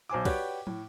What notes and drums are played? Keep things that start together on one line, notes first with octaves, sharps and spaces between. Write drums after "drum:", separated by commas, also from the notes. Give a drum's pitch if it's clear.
B1 C5 G#5 D6
F#4 G4 B4 C#5 D5 G5, drum: kick, cymbal
A2, drum: tom